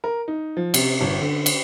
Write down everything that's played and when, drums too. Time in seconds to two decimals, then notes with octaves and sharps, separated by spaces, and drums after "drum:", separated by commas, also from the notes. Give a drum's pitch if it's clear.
0.04 A#4
0.28 D#4
0.57 F3
0.74 C3, drum: cymbal
1.01 G1
1.21 D3
1.46 drum: cymbal